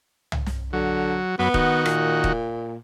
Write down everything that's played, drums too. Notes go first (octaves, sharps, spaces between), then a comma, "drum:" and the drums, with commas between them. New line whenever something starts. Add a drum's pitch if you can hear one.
drum: tom C2
drum: snare
D3 F#3
F#2 B3 B4
D#3 F#4, drum: kick D#1
A#2, drum: rim click
drum: kick D#1